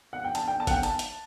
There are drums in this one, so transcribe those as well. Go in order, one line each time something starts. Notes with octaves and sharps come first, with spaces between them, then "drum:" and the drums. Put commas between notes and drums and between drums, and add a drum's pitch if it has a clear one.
F#5
G5
A5, drum: hi-hat
G5
A5
F#5, drum: kick F#1, hi-hat
G5
A5, drum: hi-hat
drum: hi-hat